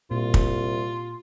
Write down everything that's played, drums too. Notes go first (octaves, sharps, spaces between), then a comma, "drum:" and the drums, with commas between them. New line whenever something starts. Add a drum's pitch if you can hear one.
C2 A#2 F4
drum: kick